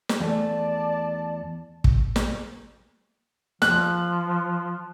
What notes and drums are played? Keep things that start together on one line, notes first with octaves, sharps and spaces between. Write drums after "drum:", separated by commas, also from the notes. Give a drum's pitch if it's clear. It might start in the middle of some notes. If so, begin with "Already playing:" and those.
drum: snare
E2 A3 D5 A5
drum: kick
drum: snare
F3 F#6, drum: snare